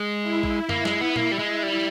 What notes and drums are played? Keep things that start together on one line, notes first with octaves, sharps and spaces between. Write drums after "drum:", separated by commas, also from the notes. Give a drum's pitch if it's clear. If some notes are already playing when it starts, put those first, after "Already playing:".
Already playing: G#3
E4
drum: kick A1
A#3 E4, drum: tom F#2
G#3, drum: snare
B3
A#3, drum: tom A#2
G3
G#3
G3